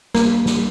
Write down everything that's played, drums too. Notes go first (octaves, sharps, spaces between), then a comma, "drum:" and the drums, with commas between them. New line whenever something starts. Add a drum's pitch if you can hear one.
A#3, drum: snare
drum: snare